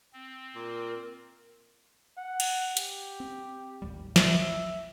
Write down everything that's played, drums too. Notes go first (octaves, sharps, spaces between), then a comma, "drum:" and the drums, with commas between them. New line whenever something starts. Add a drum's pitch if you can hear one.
C4
A#2 A#4
F#5
drum: cymbal
G4, drum: hi-hat
C4
A1 D#2 G3
E5, drum: snare